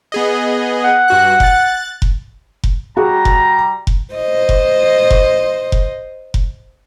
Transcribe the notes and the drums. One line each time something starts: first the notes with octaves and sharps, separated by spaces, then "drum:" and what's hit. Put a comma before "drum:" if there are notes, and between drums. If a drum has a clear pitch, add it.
B3 G#4 D#5
F#5
G2 F#4 F#6
F#6 A6, drum: kick F1
drum: kick F1
drum: kick F1
G3 F#4 G#4 A#5
drum: kick F1
drum: kick F1
C5 D#5
drum: kick F1
drum: kick F1
drum: kick F1
drum: kick F1